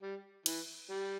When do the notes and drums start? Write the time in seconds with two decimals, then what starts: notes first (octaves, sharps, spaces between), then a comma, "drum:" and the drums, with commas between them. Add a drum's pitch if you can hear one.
0.02 G3
0.46 E3, drum: cymbal
0.90 G3